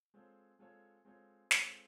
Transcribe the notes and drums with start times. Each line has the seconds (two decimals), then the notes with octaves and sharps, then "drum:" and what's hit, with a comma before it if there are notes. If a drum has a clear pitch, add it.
0.14 G#3 C4 F4 A4 C#5
0.59 G#3 C4 F4 A4 C#5
1.05 G#3 C4 F4 A4 C#5
1.51 G#3 C4 F4 A4 C#5, drum: snare